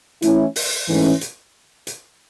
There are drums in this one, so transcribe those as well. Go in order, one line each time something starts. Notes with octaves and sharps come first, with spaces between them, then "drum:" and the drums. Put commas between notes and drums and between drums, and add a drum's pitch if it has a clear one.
E3 A3 C#4 E4, drum: hi-hat
drum: open hi-hat
G#2 E3 A3 C#4
drum: hi-hat
drum: hi-hat